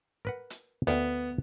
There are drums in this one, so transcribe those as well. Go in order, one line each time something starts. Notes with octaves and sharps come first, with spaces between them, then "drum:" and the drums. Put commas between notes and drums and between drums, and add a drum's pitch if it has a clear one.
A#4 B4 F#5
drum: hi-hat
D2 B3 F5 G5, drum: hi-hat